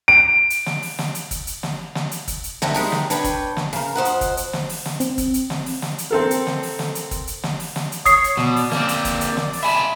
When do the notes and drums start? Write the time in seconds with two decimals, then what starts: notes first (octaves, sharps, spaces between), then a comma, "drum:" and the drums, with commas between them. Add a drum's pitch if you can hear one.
0.08 D7
0.50 drum: hi-hat
0.66 drum: snare
0.82 drum: open hi-hat
0.99 drum: snare
1.15 drum: hi-hat
1.31 drum: kick, hi-hat
1.47 drum: hi-hat
1.63 drum: snare
1.95 drum: snare
2.11 drum: hi-hat
2.28 drum: kick, hi-hat
2.44 drum: hi-hat
2.62 D3 D#3 G3 A3 C4, drum: snare
2.74 G3 G#3 D#4, drum: open hi-hat
2.92 drum: snare
3.10 D4 B4 C#5 G5, drum: hi-hat
3.24 drum: kick, hi-hat
3.57 drum: snare
3.73 C#3 A#4, drum: open hi-hat
3.95 F2 C5 D#5 F#5
4.05 drum: hi-hat
4.21 drum: kick, hi-hat
4.37 drum: hi-hat
4.53 drum: snare
4.69 drum: open hi-hat
4.86 drum: snare
5.00 C4, drum: hi-hat
5.18 drum: kick, hi-hat
5.34 drum: hi-hat
5.50 drum: snare
5.66 drum: open hi-hat
5.82 drum: snare
5.98 drum: hi-hat
6.11 C4 A4 A#4
6.31 drum: hi-hat
6.47 drum: snare
6.63 drum: open hi-hat
6.79 drum: snare
6.95 drum: hi-hat
7.11 drum: kick, hi-hat
7.27 drum: hi-hat
7.43 drum: snare
7.60 drum: open hi-hat
7.76 drum: snare
7.92 drum: hi-hat
8.06 C#5 D#6 C7, drum: kick, hi-hat
8.24 drum: hi-hat
8.37 B2 D5, drum: snare
8.56 drum: open hi-hat
8.72 A#3 C4, drum: snare
8.89 drum: hi-hat
9.05 drum: kick, hi-hat
9.21 drum: hi-hat
9.37 drum: snare
9.53 drum: open hi-hat
9.63 E5 G#5 A5 B5